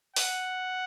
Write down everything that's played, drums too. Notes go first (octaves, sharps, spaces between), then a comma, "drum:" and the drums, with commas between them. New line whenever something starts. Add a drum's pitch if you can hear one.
F#5, drum: open hi-hat